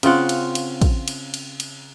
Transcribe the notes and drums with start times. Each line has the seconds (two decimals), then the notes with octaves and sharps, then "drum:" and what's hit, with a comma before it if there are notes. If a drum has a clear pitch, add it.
0.03 C#3 C4 F4 F#5, drum: cymbal
0.29 drum: cymbal
0.55 drum: cymbal
0.81 drum: kick, cymbal
1.08 drum: cymbal
1.34 drum: cymbal
1.60 drum: cymbal